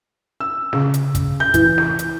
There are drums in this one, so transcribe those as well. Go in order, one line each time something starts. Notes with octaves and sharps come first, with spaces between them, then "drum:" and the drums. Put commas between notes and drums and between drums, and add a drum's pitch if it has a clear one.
E6
C#3, drum: snare
drum: hi-hat
drum: kick, hi-hat
G6
E3, drum: kick, hi-hat
drum: snare
drum: hi-hat